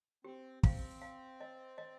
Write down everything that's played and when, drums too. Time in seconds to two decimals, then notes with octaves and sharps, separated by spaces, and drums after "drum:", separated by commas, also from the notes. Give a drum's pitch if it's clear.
0.25 C4 G4
0.63 C4 F5, drum: kick
1.02 F5
1.41 D#5
1.78 D#5